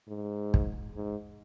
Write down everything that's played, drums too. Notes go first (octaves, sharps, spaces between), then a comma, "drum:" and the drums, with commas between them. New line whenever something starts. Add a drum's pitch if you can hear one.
G#2
drum: kick
G#2